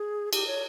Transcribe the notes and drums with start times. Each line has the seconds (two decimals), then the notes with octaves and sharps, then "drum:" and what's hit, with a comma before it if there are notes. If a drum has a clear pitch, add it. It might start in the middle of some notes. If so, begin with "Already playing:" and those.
Already playing: G#4
0.33 G4, drum: cymbal
0.47 C#5